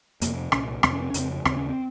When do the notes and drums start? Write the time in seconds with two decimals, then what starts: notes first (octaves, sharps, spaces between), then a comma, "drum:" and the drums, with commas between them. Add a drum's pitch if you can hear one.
0.21 F2 C3 A#3, drum: hi-hat
0.52 C2 A#2 C#4, drum: rim click
0.83 F2 C3 C4, drum: rim click
0.93 C#4
1.02 C4
1.10 C#4
1.14 F2 C#3 C4, drum: hi-hat
1.45 D#2 C#3 C4, drum: rim click
1.57 C#4
1.69 C4